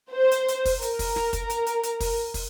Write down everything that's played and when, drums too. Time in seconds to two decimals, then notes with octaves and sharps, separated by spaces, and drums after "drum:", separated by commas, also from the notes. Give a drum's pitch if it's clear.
0.12 C5
0.32 drum: hi-hat
0.49 drum: hi-hat
0.65 drum: kick, open hi-hat
0.82 A#4, drum: hi-hat
0.99 drum: kick, open hi-hat
1.16 drum: snare
1.33 drum: kick, hi-hat
1.50 drum: hi-hat
1.67 drum: hi-hat
1.84 drum: hi-hat
2.00 drum: kick, open hi-hat
2.34 drum: kick, open hi-hat